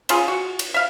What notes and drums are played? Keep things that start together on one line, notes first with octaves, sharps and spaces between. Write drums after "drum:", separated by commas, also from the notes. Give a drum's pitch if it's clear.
C#4 F4 G#4, drum: cymbal
F#4
drum: cymbal
E5 F5